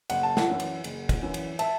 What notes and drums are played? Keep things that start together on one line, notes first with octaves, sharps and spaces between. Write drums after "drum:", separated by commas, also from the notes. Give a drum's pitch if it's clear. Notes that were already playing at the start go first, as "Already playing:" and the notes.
F#1 F#5, drum: cymbal
A5
F#5, drum: snare
F#2 E3
drum: cymbal
F#1, drum: cymbal
drum: kick, cymbal
F#2 E3
drum: cymbal
E5 A5, drum: cymbal